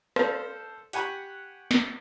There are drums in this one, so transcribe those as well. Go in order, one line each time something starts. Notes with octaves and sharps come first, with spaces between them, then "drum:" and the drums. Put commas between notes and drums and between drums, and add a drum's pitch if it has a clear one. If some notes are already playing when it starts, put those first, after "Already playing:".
A4 C5 D5 F5, drum: rim click
G4 F#5 G#5 B5 C#6, drum: hi-hat
drum: snare